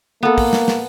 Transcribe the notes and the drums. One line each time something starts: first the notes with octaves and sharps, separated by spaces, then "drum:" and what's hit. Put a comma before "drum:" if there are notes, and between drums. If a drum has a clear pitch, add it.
A#3 B3 A4
drum: kick, open hi-hat
drum: snare
drum: snare